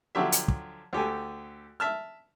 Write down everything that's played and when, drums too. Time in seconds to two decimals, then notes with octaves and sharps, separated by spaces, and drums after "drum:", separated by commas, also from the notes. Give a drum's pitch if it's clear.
0.15 D3 F3 F#3 G4 C#5 E5
0.32 drum: hi-hat
0.48 drum: kick
0.93 D2 G4 A4 G#5
1.80 E5 A5 F6